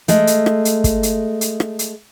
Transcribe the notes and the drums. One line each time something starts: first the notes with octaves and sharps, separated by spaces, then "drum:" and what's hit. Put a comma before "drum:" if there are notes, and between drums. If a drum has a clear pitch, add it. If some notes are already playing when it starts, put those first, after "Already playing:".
G#3 A3, drum: hi-hat
drum: hi-hat
drum: rim click
drum: hi-hat
drum: kick, hi-hat
drum: hi-hat
drum: hi-hat
drum: rim click
drum: hi-hat